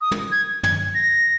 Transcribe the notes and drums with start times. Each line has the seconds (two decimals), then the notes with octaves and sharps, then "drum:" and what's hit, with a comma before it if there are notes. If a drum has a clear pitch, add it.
0.01 D#6
0.11 drum: tom
0.32 G#6
0.63 G#6, drum: tom
0.95 A#6